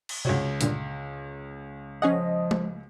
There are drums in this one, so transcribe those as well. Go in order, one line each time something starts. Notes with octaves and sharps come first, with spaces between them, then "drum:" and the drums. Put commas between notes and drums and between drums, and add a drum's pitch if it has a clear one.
drum: cymbal
C#2 C3 F#4 C#5
G2 A#2 D3, drum: hi-hat
F3 C#4 G#4 D#5 F#5
drum: tom G#3